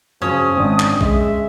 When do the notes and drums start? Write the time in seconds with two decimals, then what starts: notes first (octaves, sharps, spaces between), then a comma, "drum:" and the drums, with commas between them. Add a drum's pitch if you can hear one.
0.22 F#2 C#3 F3 C#4 D#6
0.57 G#1 C4 D4
0.80 drum: clap
1.01 G#3 D#5 E5, drum: kick A#1